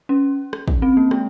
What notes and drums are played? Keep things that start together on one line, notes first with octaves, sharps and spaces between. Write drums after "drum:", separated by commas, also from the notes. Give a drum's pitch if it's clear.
C#4
drum: rim click
drum: kick
C4
A#3
G#3, drum: rim click